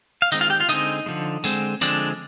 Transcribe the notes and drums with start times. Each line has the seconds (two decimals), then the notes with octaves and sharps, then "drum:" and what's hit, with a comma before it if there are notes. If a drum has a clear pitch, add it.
0.22 F5
0.32 D#3 G#3 C4 D#4 D#5, drum: tambourine
0.41 F4 F5
0.50 G4 G5
0.60 F4 F5
0.69 D3 G#3 C4 D#4 D#5, drum: tambourine
1.06 D3 F3 G#3
1.44 D3 G#3 C4, drum: tambourine
1.81 D3 F3 G#3 C4 D4 D5, drum: tambourine